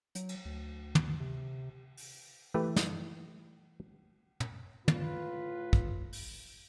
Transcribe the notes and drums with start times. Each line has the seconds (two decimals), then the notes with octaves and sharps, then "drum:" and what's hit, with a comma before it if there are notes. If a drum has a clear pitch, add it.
0.15 F#3, drum: hi-hat
0.29 drum: cymbal
0.45 D2
0.95 drum: tom
1.20 C3
1.97 drum: open hi-hat
2.54 E3 A3 G4 B4
2.76 drum: snare
4.40 drum: tom
4.88 A2 F4 B4, drum: tom
5.73 drum: kick
6.13 drum: open hi-hat